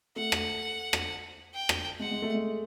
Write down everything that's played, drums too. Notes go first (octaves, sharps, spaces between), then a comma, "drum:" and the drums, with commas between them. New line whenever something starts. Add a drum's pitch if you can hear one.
A3 F#5
drum: rim click
drum: rim click
G5
drum: rim click
G#3 F#5
G#3
A3
G#3